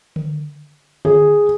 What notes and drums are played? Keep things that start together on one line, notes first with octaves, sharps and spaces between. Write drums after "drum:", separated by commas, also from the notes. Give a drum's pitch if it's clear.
drum: tom D3
G#4, drum: tom D3